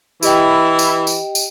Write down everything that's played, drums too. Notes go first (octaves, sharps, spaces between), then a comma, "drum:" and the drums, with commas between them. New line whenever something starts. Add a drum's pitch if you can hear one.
E3 E4 G4 D#5 G5, drum: tambourine
drum: tambourine
drum: tambourine
drum: tambourine